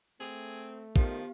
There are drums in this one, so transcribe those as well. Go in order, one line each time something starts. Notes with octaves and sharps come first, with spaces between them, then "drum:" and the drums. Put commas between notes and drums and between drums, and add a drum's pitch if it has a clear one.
A3 C4 G#4
D#3 F3 B3 G4 F5, drum: kick